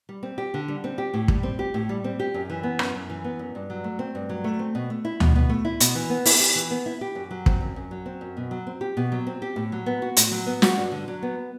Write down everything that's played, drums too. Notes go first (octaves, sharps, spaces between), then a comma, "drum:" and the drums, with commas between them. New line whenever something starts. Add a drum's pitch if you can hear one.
G3
C4
G4
D3
G3
C4
G4
A2
G3, drum: kick
C4
G4
A2
G3
C4
G4
F#2
E3
B3
F#2, drum: rim click
F#2
E3
B3
F#2
G2
F#3
A3
C4
G2
F#3
A3
C4
B2
A3
E4
B2, drum: tom D2
B2
A3
E4
B2, drum: hi-hat
E3
B3
E4, drum: open hi-hat
G4
E3
B3
E4
G4
F#2
F#3
C4, drum: kick
F#2
F#2
F#3
C4
F#2
B2
F#3
C4
G4
B2
F#3
C4
G4
A2
F#3
B3
F#4
A2, drum: hi-hat
F#3
B3
F#4, drum: snare
G2
D3
F#3
B3